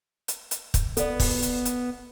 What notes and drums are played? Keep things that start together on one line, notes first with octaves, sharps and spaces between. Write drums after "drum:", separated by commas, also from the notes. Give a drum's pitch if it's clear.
drum: hi-hat
drum: hi-hat
drum: kick, hi-hat
B3 A4 D5, drum: hi-hat
drum: kick, open hi-hat
drum: hi-hat
drum: hi-hat